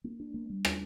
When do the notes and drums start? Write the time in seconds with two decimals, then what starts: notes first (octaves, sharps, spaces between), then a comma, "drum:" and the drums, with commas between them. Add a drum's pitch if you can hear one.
0.04 A#3
0.20 D4
0.34 A#3
0.50 G3
0.65 D4, drum: rim click